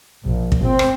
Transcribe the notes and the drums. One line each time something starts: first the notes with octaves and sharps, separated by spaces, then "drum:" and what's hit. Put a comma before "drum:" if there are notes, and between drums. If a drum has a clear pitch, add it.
A#1
drum: kick
C4
drum: rim click